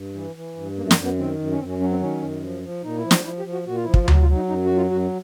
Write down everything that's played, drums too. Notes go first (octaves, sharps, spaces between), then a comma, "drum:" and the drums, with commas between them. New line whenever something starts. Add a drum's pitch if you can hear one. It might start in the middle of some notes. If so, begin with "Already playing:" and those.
Already playing: G2
E3
E3
G2
F#2 A#3
A3
A#3, drum: snare
F#2
B3
D#3 C4
F#2
C#4
F#2 C4
C#4
F#3 C#4
C4
D#3 C#4
F#2
F3
F3
A#2 D#4
E4
F3
D#4, drum: snare
F3 E4
G4
F3
F#4
A#2 F#4
F4
F3 E4
F4, drum: kick
F4
F#3 F#4, drum: tom D2
F4
F#3
D#4
F#2 D#4
F#3 F#4
F4
F#2 F#4